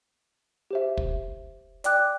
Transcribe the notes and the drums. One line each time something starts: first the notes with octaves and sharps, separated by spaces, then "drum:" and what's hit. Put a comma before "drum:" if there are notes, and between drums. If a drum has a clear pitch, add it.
G4 C5 E5
drum: kick
D5 G5 D6 F#6, drum: hi-hat